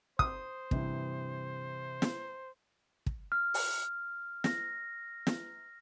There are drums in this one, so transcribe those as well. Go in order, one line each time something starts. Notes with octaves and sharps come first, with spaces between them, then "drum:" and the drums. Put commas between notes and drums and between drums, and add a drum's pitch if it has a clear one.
C5 D#6, drum: kick
G2 C3 E3, drum: kick
drum: snare
drum: kick
F6
drum: open hi-hat
A#6, drum: snare
drum: snare